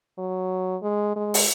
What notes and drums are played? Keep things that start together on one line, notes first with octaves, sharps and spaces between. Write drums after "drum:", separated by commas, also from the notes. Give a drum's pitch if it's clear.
F#3
G#3
G#3
drum: open hi-hat